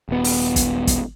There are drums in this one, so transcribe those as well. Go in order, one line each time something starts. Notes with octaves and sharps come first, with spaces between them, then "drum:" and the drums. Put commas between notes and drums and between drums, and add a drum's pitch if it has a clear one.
D#1 B3
drum: open hi-hat
drum: kick, hi-hat
drum: kick, hi-hat